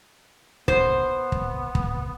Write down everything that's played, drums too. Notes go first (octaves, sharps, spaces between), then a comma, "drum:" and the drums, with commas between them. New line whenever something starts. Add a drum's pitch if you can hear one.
B3 C5, drum: kick
drum: kick
drum: kick